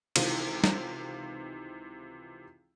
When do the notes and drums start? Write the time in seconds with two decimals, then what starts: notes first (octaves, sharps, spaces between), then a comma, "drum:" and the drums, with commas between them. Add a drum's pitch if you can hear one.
0.16 C#2 C3 D#3 E3 F4, drum: cymbal
0.64 drum: snare